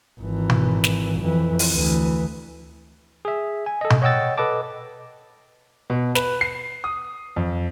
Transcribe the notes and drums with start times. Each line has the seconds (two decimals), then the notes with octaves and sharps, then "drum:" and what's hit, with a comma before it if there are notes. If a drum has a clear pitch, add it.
0.20 G#1 E3
0.50 drum: tom B2
0.84 drum: snare
1.20 F2 E3
1.59 drum: open hi-hat
1.72 D2 E3
3.25 G#4 E5
3.66 G#5
3.81 A4 D#5
3.90 drum: tom B2
4.02 C#5 D#5 F#5 G5 E6 A6
4.38 A4 B4 D#5 A5 D6
5.90 B2
6.15 B4, drum: snare
6.41 C7
6.84 D#6
7.36 F2